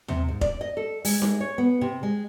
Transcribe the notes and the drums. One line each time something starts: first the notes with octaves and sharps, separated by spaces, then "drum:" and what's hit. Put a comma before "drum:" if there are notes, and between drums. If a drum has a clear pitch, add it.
C3, drum: tom D#2
G#2
D5, drum: kick F1
D#5
A4
G#3, drum: open hi-hat
G#3, drum: snare D#4
C#5
B3
C3
G#3